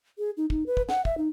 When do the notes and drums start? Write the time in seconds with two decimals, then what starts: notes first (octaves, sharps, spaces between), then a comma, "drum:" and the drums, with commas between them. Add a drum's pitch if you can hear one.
0.18 G#4
0.37 D#4
0.50 D#4, drum: kick
0.66 B4
0.77 drum: kick
0.89 F#5, drum: snare
1.05 E5, drum: kick
1.18 D#4